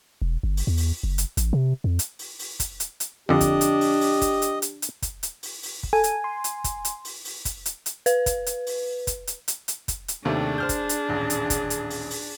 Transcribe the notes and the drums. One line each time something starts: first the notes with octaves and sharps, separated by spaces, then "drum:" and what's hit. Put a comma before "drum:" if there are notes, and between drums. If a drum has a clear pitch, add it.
E1
G1
drum: open hi-hat
E2
drum: open hi-hat
F#1
drum: hi-hat
A1, drum: hi-hat
C3
F2
drum: hi-hat
drum: open hi-hat
drum: open hi-hat
drum: kick, hi-hat
drum: hi-hat
drum: hi-hat
F2 D3 D4 G4 D#5
drum: kick, hi-hat
drum: hi-hat
drum: open hi-hat
drum: open hi-hat
drum: kick, hi-hat
drum: hi-hat
drum: hi-hat
drum: hi-hat
drum: kick, hi-hat
drum: hi-hat
drum: open hi-hat
drum: open hi-hat
drum: kick
A4 G#5
drum: hi-hat
C6
drum: hi-hat
drum: kick, hi-hat
drum: hi-hat
drum: open hi-hat
drum: open hi-hat
drum: kick, hi-hat
drum: hi-hat
drum: hi-hat
B4, drum: hi-hat
drum: kick, hi-hat
drum: hi-hat
drum: open hi-hat
drum: kick, hi-hat
drum: hi-hat
drum: hi-hat
drum: hi-hat
drum: kick, hi-hat
drum: hi-hat
D#2 C3 A3 D4 G#4
C5 F6 G6
drum: kick, hi-hat
drum: hi-hat
D#1 A1
drum: hi-hat
drum: kick, hi-hat
drum: hi-hat
drum: open hi-hat
drum: open hi-hat